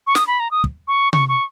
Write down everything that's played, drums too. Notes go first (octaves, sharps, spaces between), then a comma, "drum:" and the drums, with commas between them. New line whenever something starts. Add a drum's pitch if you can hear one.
C#6
D#6, drum: snare
B5
A#5
D#6
drum: kick
C#6
C#6, drum: tom C3
C#6